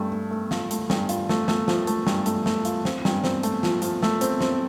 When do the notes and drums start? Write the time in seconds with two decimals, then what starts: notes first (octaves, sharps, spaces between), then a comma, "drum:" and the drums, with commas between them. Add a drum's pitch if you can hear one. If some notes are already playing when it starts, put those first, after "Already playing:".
Already playing: G2 A3
0.12 A3
0.31 A3
0.51 F4, drum: snare
0.71 A3, drum: hi-hat
0.90 G2, drum: snare
1.09 F4, drum: hi-hat
1.29 A3, drum: snare
1.48 A3, drum: snare
1.68 F3, drum: snare
1.87 A3, drum: hi-hat
2.07 G2, drum: snare
2.26 A3, drum: hi-hat
2.46 A3, drum: snare
2.65 F4, drum: hi-hat
2.85 C4, drum: snare
3.05 G2, drum: snare
3.24 C4, drum: snare
3.43 A3, drum: hi-hat
3.63 F3, drum: snare
3.82 F3, drum: hi-hat
4.02 A3, drum: snare
4.21 C4, drum: hi-hat
4.41 C4, drum: snare